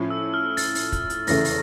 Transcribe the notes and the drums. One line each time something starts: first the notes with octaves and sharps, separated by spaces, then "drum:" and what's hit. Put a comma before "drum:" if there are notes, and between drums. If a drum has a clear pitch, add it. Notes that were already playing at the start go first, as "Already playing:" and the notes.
Already playing: A2 F3 C#4
E6
F6
A6, drum: open hi-hat
drum: open hi-hat
drum: kick, hi-hat
drum: hi-hat
F1 E2 C#3 E3 A3 A#6, drum: open hi-hat
drum: open hi-hat